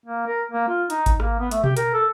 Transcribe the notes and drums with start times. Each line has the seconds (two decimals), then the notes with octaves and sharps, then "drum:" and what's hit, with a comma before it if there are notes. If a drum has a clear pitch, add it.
0.06 A#3
0.27 A#4
0.52 A#3
0.68 F4
0.90 D#4, drum: hi-hat
1.06 drum: kick G#1, hi-hat
1.20 A#3, drum: rim click
1.39 B3
1.51 A3, drum: hi-hat
1.64 G4, drum: tom B2
1.77 A#4, drum: hi-hat
1.94 A4